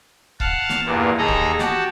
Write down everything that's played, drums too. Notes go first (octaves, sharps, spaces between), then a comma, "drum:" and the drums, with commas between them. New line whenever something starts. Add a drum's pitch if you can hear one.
F5 F#5 A5, drum: kick C#1
drum: snare
E2 G2 A#2
D#2 G#4 A4 D#5 A#5
drum: kick C#1
F#4 G4 A5, drum: snare